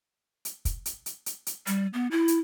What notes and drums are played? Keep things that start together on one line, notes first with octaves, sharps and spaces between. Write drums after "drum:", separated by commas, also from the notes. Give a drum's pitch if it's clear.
drum: hi-hat
drum: kick, hi-hat
drum: hi-hat
drum: hi-hat
drum: hi-hat
drum: hi-hat
G3, drum: hi-hat
B3
E4
drum: hi-hat